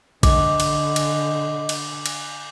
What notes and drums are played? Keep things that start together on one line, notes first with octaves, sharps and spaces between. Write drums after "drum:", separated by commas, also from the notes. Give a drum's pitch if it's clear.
D3 D#5 D6, drum: kick A#1, cymbal
drum: cymbal
drum: cymbal
drum: cymbal
drum: cymbal